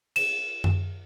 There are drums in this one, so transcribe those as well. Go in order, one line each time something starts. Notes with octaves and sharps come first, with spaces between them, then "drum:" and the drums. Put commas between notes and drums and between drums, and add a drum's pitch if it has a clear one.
E7, drum: cymbal
drum: tom F#2